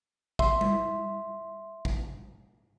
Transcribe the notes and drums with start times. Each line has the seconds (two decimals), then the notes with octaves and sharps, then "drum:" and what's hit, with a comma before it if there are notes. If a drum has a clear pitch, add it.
0.39 E5 C6, drum: kick
0.61 drum: tom G3
1.85 drum: kick